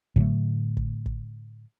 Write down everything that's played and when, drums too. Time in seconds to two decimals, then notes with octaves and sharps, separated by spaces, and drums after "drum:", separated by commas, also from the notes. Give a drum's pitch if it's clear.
0.16 A2 D3 F#3 A3, drum: kick
0.77 drum: kick
1.06 drum: kick